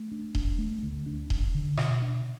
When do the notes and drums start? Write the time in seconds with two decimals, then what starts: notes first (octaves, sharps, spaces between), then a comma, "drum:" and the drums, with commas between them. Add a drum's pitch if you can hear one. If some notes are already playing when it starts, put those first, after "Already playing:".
Already playing: A3
0.12 D4
0.35 D4, drum: kick D#1
0.59 A3
0.83 D2
1.06 D4
1.30 D4, drum: kick D#1
1.55 D3
1.77 B2, drum: rim click
2.02 D4